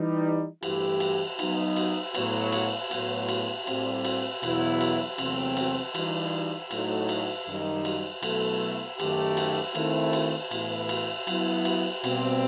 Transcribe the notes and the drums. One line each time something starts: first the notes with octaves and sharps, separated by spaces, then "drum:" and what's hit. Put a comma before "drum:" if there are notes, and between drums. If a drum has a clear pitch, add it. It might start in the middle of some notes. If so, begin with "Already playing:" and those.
Already playing: E3 G3 D#4
G2 E3 A3 E4 G4, drum: cymbal
drum: cymbal
F#3 B3 D#4, drum: cymbal
drum: cymbal
A2 F#3 B3, drum: cymbal
drum: cymbal
A2 F#3 B3, drum: cymbal
drum: cymbal
A2 G3 C4, drum: cymbal
drum: cymbal
E2 B2 F#3 B3 E4, drum: cymbal
drum: cymbal
E2 C3 F#3 A3 C4, drum: cymbal
drum: cymbal
E3 G3 D#4, drum: cymbal
A2 F#3 A3 D#4 F#4, drum: cymbal
drum: cymbal
F#2 D#3 G3 D#4
drum: cymbal
B2 F#3 A3 E4 A4, drum: cymbal
F#2 D#3 A3 D#4 G4, drum: cymbal
drum: cymbal
D#3 A3 C4 E4, drum: cymbal
drum: cymbal
A2 E3 B3 E4, drum: cymbal
drum: cymbal
F#3 B3 E4, drum: cymbal
drum: cymbal
B2 G3 C4, drum: cymbal